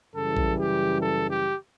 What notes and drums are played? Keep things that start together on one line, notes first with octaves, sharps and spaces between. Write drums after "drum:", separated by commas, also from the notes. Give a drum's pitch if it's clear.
F#2 C#3 E3 G3 A4
drum: kick A#1
G4
A4
G4